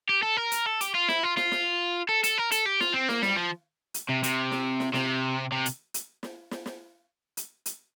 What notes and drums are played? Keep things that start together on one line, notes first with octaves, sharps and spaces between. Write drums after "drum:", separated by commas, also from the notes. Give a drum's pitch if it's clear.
G4
A4
A#4
drum: hi-hat
A4
G4, drum: hi-hat
F4
E4, drum: snare
F4
F4, drum: snare
drum: snare
A4
A4, drum: hi-hat
A#4
A4, drum: hi-hat
G4
F4, drum: snare
C4
A#3, drum: snare
G3, drum: snare
F3
drum: hi-hat
C3
C3, drum: hi-hat
drum: snare
drum: snare
C3, drum: snare
C3
drum: hi-hat
drum: hi-hat
drum: snare
drum: snare
drum: snare
drum: hi-hat
drum: hi-hat